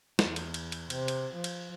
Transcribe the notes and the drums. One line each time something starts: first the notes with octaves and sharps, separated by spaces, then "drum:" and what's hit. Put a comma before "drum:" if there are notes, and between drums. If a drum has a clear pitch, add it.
E2, drum: snare
drum: cymbal
drum: cymbal
drum: cymbal
C3, drum: cymbal
drum: cymbal
F3
drum: cymbal